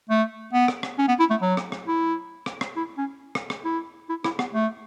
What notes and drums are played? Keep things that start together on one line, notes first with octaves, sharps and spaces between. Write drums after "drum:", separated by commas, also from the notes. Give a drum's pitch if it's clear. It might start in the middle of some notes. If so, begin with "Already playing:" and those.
A3
B3
drum: rim click
drum: rim click
C#4
B3
E4
A3
F#3
drum: rim click
drum: rim click
E4
drum: rim click
drum: rim click
E4
C#4
drum: rim click
drum: rim click
E4
E4
E4, drum: rim click
B3, drum: rim click
A3